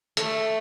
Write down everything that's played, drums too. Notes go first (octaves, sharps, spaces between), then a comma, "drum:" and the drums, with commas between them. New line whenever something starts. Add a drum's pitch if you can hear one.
A3, drum: hi-hat